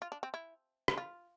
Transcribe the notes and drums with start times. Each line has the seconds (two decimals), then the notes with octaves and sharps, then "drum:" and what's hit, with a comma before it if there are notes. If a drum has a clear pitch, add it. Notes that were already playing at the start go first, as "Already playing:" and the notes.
0.02 F4
0.12 D4
0.23 C4
0.34 E4
0.88 drum: rim click
0.97 F4